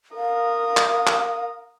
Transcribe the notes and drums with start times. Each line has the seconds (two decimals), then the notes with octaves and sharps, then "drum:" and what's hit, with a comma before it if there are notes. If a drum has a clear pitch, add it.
0.16 A#4 F5 D#6
0.77 drum: clap
1.07 drum: clap